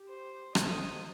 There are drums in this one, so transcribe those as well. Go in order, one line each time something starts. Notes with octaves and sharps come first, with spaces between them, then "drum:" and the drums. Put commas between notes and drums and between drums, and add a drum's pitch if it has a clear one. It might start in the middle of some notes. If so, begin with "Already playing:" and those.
Already playing: G4
C5
A4 D#5, drum: rim click
C5
C5